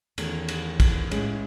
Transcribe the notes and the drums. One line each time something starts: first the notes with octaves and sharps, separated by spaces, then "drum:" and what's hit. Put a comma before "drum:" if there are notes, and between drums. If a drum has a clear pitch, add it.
E2 D#3 A3 C#4, drum: cymbal
drum: cymbal
drum: kick, cymbal
A2 G#3 C#4, drum: cymbal